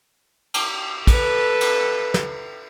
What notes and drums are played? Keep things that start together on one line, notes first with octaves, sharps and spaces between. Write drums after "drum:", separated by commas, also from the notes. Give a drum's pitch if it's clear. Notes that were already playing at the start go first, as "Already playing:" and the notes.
drum: cymbal
A4 B4, drum: kick, cymbal
drum: cymbal
drum: snare